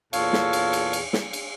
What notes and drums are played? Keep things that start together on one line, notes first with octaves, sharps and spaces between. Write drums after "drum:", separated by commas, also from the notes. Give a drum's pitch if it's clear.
E2 A#2 A4 C#5 F5, drum: cymbal
drum: snare
drum: cymbal
drum: cymbal
drum: cymbal
drum: snare
drum: cymbal